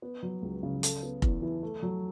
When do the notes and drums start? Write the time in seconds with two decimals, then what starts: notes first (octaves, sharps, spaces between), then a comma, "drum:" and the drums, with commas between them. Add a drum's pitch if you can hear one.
0.02 B3
0.23 F#3
0.42 C#2
0.63 C#3
0.83 A4, drum: hi-hat
1.03 B3
1.22 E2, drum: kick F1
1.42 E3
1.63 A3
1.83 F#3